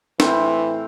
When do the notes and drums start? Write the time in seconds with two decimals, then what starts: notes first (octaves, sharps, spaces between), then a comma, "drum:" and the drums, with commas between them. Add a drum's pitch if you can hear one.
0.20 A2 E3 C4 E4, drum: snare